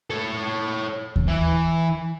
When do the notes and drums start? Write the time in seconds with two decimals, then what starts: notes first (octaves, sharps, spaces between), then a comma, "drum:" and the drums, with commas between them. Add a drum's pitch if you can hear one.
0.10 A4 C#5
1.16 drum: kick D#2
1.28 E3